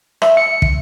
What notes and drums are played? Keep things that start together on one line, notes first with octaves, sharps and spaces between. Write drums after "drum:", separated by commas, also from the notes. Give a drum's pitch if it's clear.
E5, drum: rim click
C#7
drum: kick